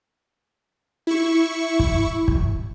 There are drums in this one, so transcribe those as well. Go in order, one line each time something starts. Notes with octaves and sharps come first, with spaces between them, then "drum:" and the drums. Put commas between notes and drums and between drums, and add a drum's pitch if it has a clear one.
E4 C#6
drum: kick
drum: kick